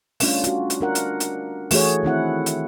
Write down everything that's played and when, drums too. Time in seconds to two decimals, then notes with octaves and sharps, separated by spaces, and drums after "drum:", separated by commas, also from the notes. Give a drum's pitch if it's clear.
0.20 G3 A3 C#4 D4 F4, drum: open hi-hat
0.44 F4 F#4, drum: hi-hat
0.70 drum: hi-hat
0.81 D4 A#4 F#5
0.95 drum: hi-hat
1.20 drum: hi-hat
1.71 E3 A3 F#4 G#4 C#5, drum: open hi-hat
2.03 D#3 C4 E4 F#5
2.46 drum: hi-hat